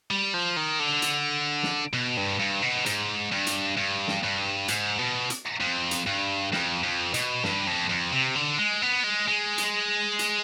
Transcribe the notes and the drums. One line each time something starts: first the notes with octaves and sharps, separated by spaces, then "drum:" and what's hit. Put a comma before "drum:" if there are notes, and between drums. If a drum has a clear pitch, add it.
G3
F3
D#3
D3
drum: hi-hat
drum: snare
B2
G2
G2
B2
G#2, drum: hi-hat
G2
drum: hi-hat
G2
drum: snare
G2
G#2, drum: hi-hat
B2
drum: hi-hat
F2
drum: hi-hat
G2
F2, drum: snare
F2
B2, drum: hi-hat
G2, drum: snare
F2
F2
C3
D3
G#3
B3
G#3
G#3
drum: hi-hat
drum: hi-hat